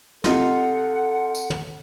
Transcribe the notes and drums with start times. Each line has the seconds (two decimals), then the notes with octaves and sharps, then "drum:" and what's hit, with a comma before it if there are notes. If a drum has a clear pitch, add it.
0.24 C3 D#4 F4 A4 F#5, drum: snare
1.35 drum: tambourine
1.50 drum: tom